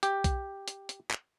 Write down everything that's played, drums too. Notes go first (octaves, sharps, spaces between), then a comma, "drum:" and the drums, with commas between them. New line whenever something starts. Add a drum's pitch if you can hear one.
G4, drum: hi-hat
drum: kick B1, hi-hat
drum: hi-hat
drum: hi-hat
drum: clap